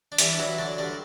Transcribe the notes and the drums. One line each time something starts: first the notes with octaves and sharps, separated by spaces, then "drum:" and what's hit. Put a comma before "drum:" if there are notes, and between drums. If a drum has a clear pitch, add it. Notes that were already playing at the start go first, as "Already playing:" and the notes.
D4
G2 E3 E4, drum: hi-hat
D4
E3 F#3 E4
D3 F#3 D4
G2 D3 D4